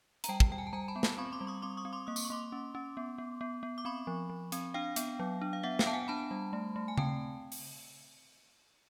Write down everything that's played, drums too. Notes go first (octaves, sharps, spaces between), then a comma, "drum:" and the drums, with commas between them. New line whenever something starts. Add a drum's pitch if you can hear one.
A#5, drum: hi-hat
G3 G5 A5
drum: kick
G3 G5
G#5
A5
G3 G#5 A#5
A5 B5
B3
A5 B5, drum: snare
C4 B5 C#6
C6 D6
G3
C#6 D#6
C4 C6 D6
C#6 D#6
C4
C6 D6
A#3 D#6
D6, drum: tambourine
C#6
A#3 C6 D6
C#4
C#4
B3
B3
B3
B3
D6
C4 B5 C#6
F3
F3
C4, drum: hi-hat
D4 F5 G5
B3, drum: hi-hat
F#3
D4
F5
B3 E5 F#5
F5 G5, drum: snare
B3 A5
F#5 G#5
D4 A5 B5
G3
A3
A3
G#5
C4 G5 A5, drum: tom C#3
drum: open hi-hat